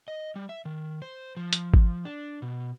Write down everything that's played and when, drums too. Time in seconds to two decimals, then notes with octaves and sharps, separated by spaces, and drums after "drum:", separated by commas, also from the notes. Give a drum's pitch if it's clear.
0.08 D#5
0.36 G3
0.49 E5
0.65 D#3
1.02 C5
1.37 F3
1.53 drum: hi-hat
1.74 drum: kick G#1
2.05 D4
2.42 B2